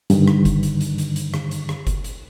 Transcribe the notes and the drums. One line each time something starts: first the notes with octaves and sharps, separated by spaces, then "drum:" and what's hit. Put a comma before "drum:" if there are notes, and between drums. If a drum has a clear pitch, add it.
G2 D3 D#3, drum: hi-hat
drum: rim click
drum: kick F#1, hi-hat
drum: hi-hat
drum: hi-hat
drum: hi-hat
drum: hi-hat
drum: rim click
drum: hi-hat
drum: rim click
drum: kick F#1, hi-hat
drum: hi-hat